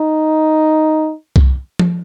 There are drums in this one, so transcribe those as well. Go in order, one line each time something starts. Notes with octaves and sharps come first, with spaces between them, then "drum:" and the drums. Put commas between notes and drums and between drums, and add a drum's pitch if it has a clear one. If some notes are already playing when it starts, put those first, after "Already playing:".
Already playing: D#4
drum: kick C2
drum: tom F3